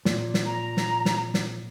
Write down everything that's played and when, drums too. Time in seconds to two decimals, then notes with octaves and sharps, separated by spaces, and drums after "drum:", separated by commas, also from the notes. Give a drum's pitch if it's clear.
0.05 A#2, drum: snare
0.34 drum: snare
0.46 A#5
0.77 drum: snare
1.05 drum: snare
1.34 drum: snare